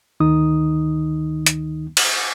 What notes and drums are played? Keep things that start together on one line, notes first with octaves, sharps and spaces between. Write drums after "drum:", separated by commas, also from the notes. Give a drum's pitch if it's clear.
D2 D#3 D#4 D#6
drum: hi-hat
drum: cymbal